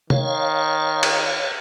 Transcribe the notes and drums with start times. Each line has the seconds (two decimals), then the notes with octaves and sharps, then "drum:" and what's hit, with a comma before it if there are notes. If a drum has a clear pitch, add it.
0.10 D#3 C#5 F5, drum: tom C3
1.03 drum: cymbal